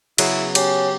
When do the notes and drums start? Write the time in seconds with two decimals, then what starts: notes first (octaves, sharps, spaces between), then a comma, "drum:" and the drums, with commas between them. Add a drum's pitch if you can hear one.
0.18 C#3 F#3 B3 E4, drum: cymbal
0.55 C#4 G4, drum: cymbal